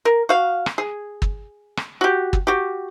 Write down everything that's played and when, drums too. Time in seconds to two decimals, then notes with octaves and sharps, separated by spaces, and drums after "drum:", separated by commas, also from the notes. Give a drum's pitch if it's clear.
0.05 A#4
0.29 F#4 F5
0.66 drum: rim click
0.78 G#4
1.22 drum: kick
1.77 drum: rim click
2.01 F#4 G4
2.33 drum: kick
2.47 F#4 G4